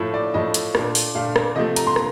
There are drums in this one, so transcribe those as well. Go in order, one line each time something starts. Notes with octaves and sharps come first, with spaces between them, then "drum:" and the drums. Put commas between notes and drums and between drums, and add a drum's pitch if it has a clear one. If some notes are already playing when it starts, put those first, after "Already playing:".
Already playing: A2 F3 A3
D5
A2 F3 A3 D#5
drum: hi-hat
A#2 A3 D4, drum: rim click
drum: open hi-hat
A#2 A3 D4 F5
drum: rim click
C3 F3 A3 D#5
A#5, drum: hi-hat
C6
A#5, drum: rim click